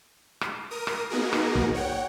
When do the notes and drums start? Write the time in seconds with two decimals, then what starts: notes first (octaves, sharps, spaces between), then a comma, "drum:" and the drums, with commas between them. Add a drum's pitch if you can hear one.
0.41 drum: rim click
0.71 A#4 D#6
0.87 drum: rim click
1.10 A#3 B3 D#4 F#4 G#4 A#4
1.33 drum: rim click
1.55 drum: kick
1.74 C#5 F#5 G5